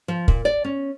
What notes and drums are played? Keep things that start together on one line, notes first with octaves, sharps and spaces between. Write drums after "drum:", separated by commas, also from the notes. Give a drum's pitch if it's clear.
F3
A#2, drum: kick
D5
C#4